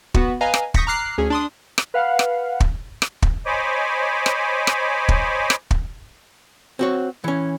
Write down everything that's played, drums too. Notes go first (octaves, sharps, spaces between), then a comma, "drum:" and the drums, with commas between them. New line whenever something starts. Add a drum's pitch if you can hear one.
B3 F#4, drum: kick
B4 D#5 F5 G#5 A#5
drum: rim click
C#6 D#6 G6 A#6 B6 C#7, drum: kick
A#5 D6 F6 F#6 C7
D2 C#4 G#4
D4 C6 D#6
drum: rim click
B4 F5 F#5
drum: rim click
drum: kick
drum: rim click
drum: kick
C5 C#5 D#5 G#5 B5 D6
drum: rim click
drum: rim click
drum: kick
drum: rim click
drum: kick
C4 F#4 C#5
E3 C#4